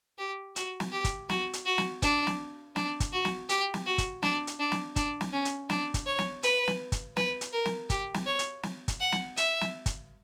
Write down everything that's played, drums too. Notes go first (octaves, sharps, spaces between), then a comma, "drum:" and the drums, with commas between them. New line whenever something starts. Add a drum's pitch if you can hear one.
G4
F#4, drum: hi-hat
drum: snare
G4
drum: kick, hi-hat
F#4, drum: snare
drum: hi-hat
F#4
drum: snare
D4, drum: kick, hi-hat
drum: snare
D4, drum: snare
drum: kick, hi-hat
F#4
drum: snare
G4, drum: hi-hat
drum: snare
F#4
drum: kick, hi-hat
D4, drum: snare
drum: hi-hat
D4
drum: snare
D4, drum: kick, hi-hat
drum: snare
C#4
drum: hi-hat
D4, drum: snare
drum: kick, hi-hat
C#5
drum: snare
B4, drum: hi-hat
drum: snare
drum: kick, hi-hat
B4, drum: snare
drum: hi-hat
A#4
drum: snare
G4, drum: kick, hi-hat
drum: snare
C#5
drum: hi-hat
drum: snare
drum: kick, hi-hat
F#5
drum: snare
E5, drum: hi-hat
drum: snare
drum: kick, hi-hat